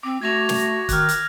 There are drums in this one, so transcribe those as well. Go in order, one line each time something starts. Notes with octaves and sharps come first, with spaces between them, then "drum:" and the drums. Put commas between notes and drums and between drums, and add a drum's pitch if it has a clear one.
C4 D6
A3 F#4 G#6 A#6 F7
drum: snare
D#3 F6 F#6, drum: kick, hi-hat
drum: hi-hat